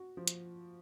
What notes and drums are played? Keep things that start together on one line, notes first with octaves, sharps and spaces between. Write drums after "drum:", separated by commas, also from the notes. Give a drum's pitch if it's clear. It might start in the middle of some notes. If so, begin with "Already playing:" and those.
Already playing: F#4
F3
drum: hi-hat